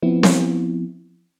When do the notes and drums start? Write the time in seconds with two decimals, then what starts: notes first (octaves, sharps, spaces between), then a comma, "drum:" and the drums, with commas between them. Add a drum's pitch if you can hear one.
0.03 F3 B3 C4 E4
0.23 drum: snare C4